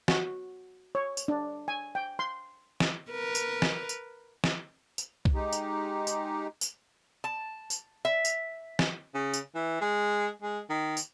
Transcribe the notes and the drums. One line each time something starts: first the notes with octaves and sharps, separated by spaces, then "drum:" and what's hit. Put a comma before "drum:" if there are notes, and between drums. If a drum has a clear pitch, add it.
F#4, drum: snare
C#5
drum: tambourine
D4
G#5
G5
C6
drum: snare
A#4 B4
drum: tambourine
drum: snare
drum: tambourine
drum: snare
drum: tambourine
drum: kick B1
G#3 D#4 G4
drum: tambourine
drum: tambourine
drum: tambourine
A5
drum: tambourine
E5
drum: tambourine
drum: snare
C#3
drum: tambourine
E3
G#3
G#3
D#3
drum: tambourine